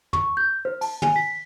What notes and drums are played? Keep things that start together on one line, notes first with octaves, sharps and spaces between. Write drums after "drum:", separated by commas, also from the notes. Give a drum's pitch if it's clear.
C#6, drum: tom
G6
C5
A5, drum: open hi-hat
G#5, drum: tom
B6